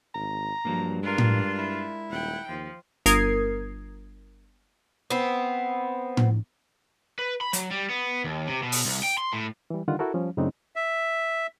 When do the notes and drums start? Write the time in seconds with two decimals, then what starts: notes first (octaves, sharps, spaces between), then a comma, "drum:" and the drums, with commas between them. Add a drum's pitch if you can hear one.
0.15 G#1 A#5
0.65 G2 F3 F#3 A#3
1.03 G#3 D4 F4 A#4
1.18 drum: tom A2
1.59 E4
2.10 D#1 F#5 G5
2.48 D#2 F3
3.06 G1 A#4 D#6 G#6 C7, drum: hi-hat
5.10 B3 C4
6.17 drum: tom A2
7.19 B4
7.41 B5
7.53 F#3, drum: hi-hat
7.71 G3
7.90 B3
8.24 D#2
8.48 C3
8.63 B2
8.72 drum: open hi-hat
8.85 C2
9.03 G5
9.18 C6
9.33 A2
9.70 E3 G3
9.88 D3 D#3 G3 F4 F#5
9.99 E4 F#4 A4 A#4
10.14 F3 G3 C#4
10.37 F#2 C#3 A3 C4 D4 D#4
10.76 E5